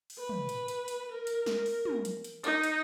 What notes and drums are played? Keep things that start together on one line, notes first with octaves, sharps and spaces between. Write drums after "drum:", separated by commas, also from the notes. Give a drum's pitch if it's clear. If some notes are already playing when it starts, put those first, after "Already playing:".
drum: open hi-hat
B4
drum: tom
drum: hi-hat
drum: hi-hat
drum: hi-hat
A#4
drum: hi-hat
drum: snare
drum: open hi-hat
drum: tom
drum: hi-hat
drum: hi-hat
D#4, drum: hi-hat
drum: hi-hat